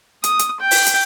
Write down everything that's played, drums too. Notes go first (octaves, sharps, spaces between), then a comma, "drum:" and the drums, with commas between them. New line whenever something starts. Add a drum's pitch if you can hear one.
D#6, drum: hi-hat
drum: hi-hat
G5
drum: open hi-hat
drum: hi-hat